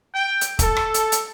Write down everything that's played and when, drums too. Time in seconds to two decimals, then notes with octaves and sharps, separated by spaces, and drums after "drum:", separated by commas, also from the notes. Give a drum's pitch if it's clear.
0.15 G5
0.41 drum: hi-hat
0.59 A4, drum: kick, hi-hat
0.77 drum: rim click
0.94 drum: hi-hat
1.12 drum: hi-hat